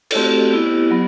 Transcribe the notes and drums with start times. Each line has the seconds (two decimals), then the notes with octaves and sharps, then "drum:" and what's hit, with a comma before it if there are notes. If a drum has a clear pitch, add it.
0.11 A4, drum: cymbal
0.15 A3 C4 F#4 G4
0.52 B3 E4
0.91 F#3 B3